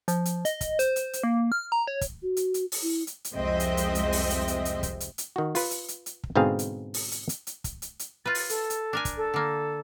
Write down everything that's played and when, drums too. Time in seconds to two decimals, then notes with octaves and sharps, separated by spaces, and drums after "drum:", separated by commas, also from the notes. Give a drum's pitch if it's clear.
0.08 F3, drum: hi-hat
0.25 drum: hi-hat
0.45 D#5, drum: hi-hat
0.61 drum: kick, hi-hat
0.79 C5, drum: hi-hat
0.96 drum: hi-hat
1.13 drum: hi-hat
1.23 A#3
1.52 F6
1.72 A#5
1.87 C#5
2.01 drum: kick, hi-hat
2.22 F#4
2.37 drum: hi-hat
2.54 drum: hi-hat
2.72 drum: open hi-hat
2.82 E4
3.07 drum: hi-hat
3.25 drum: hi-hat
3.34 C2 F2 G#3 C4 D#5 E5
3.60 drum: hi-hat
3.77 drum: hi-hat
3.95 drum: hi-hat
4.12 drum: open hi-hat
4.30 drum: hi-hat
4.48 drum: hi-hat
4.65 drum: hi-hat
4.83 drum: kick, hi-hat
5.00 drum: hi-hat
5.18 drum: hi-hat
5.36 D#3 F#4
5.55 F4 B4, drum: open hi-hat
5.71 drum: hi-hat
5.88 drum: hi-hat
6.06 drum: hi-hat
6.24 drum: kick
6.35 G#2 B2 D3 C4 G#4 F5
6.59 drum: hi-hat
6.94 drum: open hi-hat
7.12 drum: hi-hat
7.29 drum: hi-hat
7.47 drum: hi-hat
7.64 drum: kick, hi-hat
7.82 drum: hi-hat
7.99 drum: hi-hat
8.26 F4 B4 A6
8.35 drum: open hi-hat
8.49 A4, drum: hi-hat
8.70 drum: hi-hat
8.93 D4 A#4 G#5
9.05 drum: kick, hi-hat
9.17 A4
9.34 D3 A#3